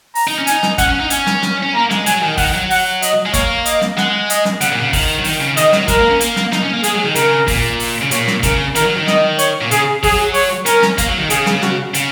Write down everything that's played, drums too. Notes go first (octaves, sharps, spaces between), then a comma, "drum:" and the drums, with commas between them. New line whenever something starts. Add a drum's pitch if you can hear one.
A#5, drum: open hi-hat
D#4
C#4
D#4 G#5, drum: hi-hat
drum: snare
C#4 F#5, drum: kick, hi-hat
C#4
D#4
C#4 G#5, drum: hi-hat
drum: snare
drum: snare
C#4
A#3 A#5
G#3, drum: snare
F#3 G#5, drum: hi-hat
D#3
D#3 F#5, drum: kick, open hi-hat
F#3
F#5, drum: open hi-hat
D#5, drum: hi-hat
G#3
A#3 C#5, drum: kick, hi-hat
D#5, drum: hi-hat
drum: snare
G#3 F#5, drum: snare
D#5, drum: hi-hat
drum: snare
C#3 F#5, drum: hi-hat
A#2
C#3
D#3, drum: kick, open hi-hat
F#3
D#3, drum: open hi-hat
C#3
D#3 D#5, drum: hi-hat
F#3, drum: snare
G#3 A#4, drum: kick, hi-hat
A#3
C#4
A#3, drum: hi-hat
drum: snare
D#4, drum: snare
C#4
A#3
G#3 G#4, drum: hi-hat
F#3
D#3
C#3 A#4, drum: hi-hat
A#2, drum: kick, open hi-hat
drum: open hi-hat
C#3
A#2 C#5, drum: hi-hat
drum: snare
C#3 A#4, drum: kick, hi-hat
D#3 A#4, drum: hi-hat
F#3
D#3
D#5, drum: snare
C#5, drum: hi-hat
A#2
C#3 G#4, drum: hi-hat
F#3 G#4, drum: kick, open hi-hat
C#5, drum: open hi-hat
C#4 A#4, drum: hi-hat
drum: snare
A#3, drum: kick, hi-hat
F#3
D#3
C#3 G#4, drum: hi-hat
drum: snare
F#4, drum: snare
C#3, drum: hi-hat